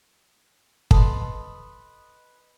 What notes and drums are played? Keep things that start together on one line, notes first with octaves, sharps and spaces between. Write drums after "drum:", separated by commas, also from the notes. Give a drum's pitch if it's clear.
A4 B4 D#5 C6, drum: kick